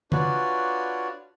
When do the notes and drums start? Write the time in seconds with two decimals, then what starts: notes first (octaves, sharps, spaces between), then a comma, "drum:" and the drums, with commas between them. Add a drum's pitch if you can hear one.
0.12 D4 F4 F#4 B4 C#5 D5, drum: tom C#3